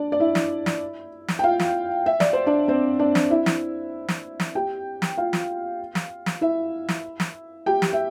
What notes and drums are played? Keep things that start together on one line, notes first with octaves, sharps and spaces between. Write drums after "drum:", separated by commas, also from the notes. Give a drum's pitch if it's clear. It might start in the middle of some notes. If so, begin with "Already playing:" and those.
Already playing: D4 D5
D5
E4 E5
drum: snare
drum: snare
drum: snare
G5
F4 F5
drum: snare
E5
D5, drum: snare
C5
D4 D5
C4 C5
D4 D5
drum: snare
E4 E5
drum: snare
drum: snare
drum: snare
G4 G5
drum: snare
F4 F5
drum: snare
drum: snare
drum: snare
E4 E5
drum: snare
drum: snare
G4 G5
drum: snare
E5